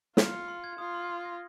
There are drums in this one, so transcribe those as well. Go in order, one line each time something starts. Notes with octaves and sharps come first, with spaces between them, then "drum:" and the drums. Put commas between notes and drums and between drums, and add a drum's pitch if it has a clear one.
F4 F6, drum: snare
C#7
C6
G#6
F4 D#6
C6
C6
A#6